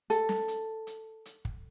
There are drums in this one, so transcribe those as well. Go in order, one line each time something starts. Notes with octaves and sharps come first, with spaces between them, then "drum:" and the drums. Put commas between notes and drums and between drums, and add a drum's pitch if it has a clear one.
A4, drum: hi-hat
drum: snare
drum: hi-hat
drum: hi-hat
drum: hi-hat
drum: kick